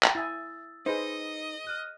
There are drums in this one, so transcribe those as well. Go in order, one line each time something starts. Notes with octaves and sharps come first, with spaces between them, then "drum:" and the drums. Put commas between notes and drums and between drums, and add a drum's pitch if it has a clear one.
drum: clap
E4 G#5 D#6 E6 A6
D#4 G#4 B4 C5 D#5
F6 F#6 D#7